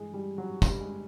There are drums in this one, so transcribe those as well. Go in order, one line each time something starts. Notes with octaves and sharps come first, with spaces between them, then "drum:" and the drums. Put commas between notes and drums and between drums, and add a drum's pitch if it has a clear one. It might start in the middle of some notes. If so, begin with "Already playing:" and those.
Already playing: G2 E3 G#3 G#4
G3 G4
F#3 F#4
G2 D3 G3 G4, drum: kick, tambourine
G#3 G#4